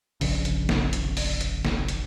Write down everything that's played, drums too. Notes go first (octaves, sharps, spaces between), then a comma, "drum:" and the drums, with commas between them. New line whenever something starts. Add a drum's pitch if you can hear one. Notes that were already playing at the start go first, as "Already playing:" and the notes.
F1 A#1 C#3, drum: open hi-hat
drum: hi-hat
drum: snare
drum: hi-hat
drum: open hi-hat
drum: hi-hat
drum: snare
drum: hi-hat